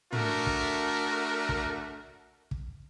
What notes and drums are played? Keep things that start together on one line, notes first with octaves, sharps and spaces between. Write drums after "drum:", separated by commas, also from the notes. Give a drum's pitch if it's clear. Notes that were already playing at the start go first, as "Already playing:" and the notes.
A3 D4 F#4 A#4, drum: tom
drum: kick
drum: kick
drum: kick